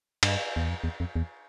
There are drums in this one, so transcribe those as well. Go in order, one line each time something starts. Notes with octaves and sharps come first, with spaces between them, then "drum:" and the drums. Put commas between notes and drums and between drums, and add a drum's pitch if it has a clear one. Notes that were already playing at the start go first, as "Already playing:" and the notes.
G2, drum: cymbal
E2
F2
E2
F2
E2